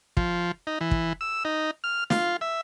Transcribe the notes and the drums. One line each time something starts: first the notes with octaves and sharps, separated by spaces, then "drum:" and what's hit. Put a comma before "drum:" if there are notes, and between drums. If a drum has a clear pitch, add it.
F3, drum: kick
D#4
E3
drum: kick
E6
D#4
F6
F4, drum: snare
E5